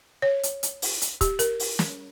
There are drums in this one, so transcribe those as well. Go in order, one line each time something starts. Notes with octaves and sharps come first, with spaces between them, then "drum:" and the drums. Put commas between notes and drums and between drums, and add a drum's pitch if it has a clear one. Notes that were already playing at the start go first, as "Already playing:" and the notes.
C#5
drum: hi-hat
drum: hi-hat
drum: open hi-hat
drum: hi-hat
G4, drum: kick, hi-hat
A#4, drum: hi-hat
drum: open hi-hat
drum: snare